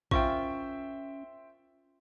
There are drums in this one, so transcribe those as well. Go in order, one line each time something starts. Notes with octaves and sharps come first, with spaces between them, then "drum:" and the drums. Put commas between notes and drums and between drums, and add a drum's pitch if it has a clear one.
C#4 F4 A#4 C5 E5 G5 C#6, drum: kick A#1